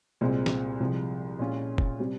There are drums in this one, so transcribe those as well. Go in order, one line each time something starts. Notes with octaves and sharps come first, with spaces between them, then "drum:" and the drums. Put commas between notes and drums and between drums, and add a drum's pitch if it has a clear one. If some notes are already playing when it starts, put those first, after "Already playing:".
C2 A#2 G#3 C4
drum: snare
C2 C3 F3 G#3
A#2 G#3 C#4 F4
drum: kick
C3 G3 C4